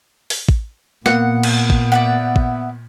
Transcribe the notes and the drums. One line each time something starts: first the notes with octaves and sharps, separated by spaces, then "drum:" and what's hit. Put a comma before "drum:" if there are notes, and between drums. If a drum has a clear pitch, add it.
drum: open hi-hat
drum: kick
A#2 A#3 B3 F#5, drum: snare
drum: cymbal
drum: kick
D5 E5 F#5
drum: kick